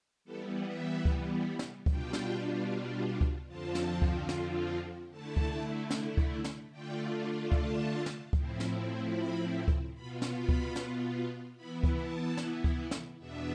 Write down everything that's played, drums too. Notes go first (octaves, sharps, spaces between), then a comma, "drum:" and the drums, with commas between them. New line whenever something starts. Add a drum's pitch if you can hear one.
E3 G3 B3 A4
E5
drum: kick C#2
drum: snare
B2 G3 D4 F4 G5, drum: kick C#2
drum: snare
drum: kick C#2
F2 D3 F3 C4 F4 A5
drum: snare
drum: kick C#2
drum: snare
D3 A3 E4 A5
drum: kick C#2
drum: snare
drum: kick C#2
drum: snare
D3 A3 D4 F4 G5
A5, drum: kick C#2
drum: snare
A2 F3 C4 E4, drum: kick C#2
drum: snare
B5
drum: kick C#2
B2 B3 F4 B5
drum: snare
B5
drum: kick C#2
drum: snare
E3 B3 E4 B5
drum: kick C#2
A5
drum: snare
drum: kick C#2
drum: snare
E2 B2 B3 D4 E5